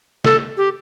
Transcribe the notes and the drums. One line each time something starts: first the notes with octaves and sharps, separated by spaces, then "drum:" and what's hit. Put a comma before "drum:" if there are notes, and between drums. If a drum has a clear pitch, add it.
A4, drum: snare
G4